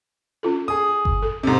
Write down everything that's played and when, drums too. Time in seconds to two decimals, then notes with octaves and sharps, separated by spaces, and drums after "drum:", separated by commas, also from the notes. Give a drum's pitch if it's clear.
0.43 C#4 F4 A4
0.68 G#4 D#6
1.05 drum: kick G1
1.22 A4
1.43 G#2 C3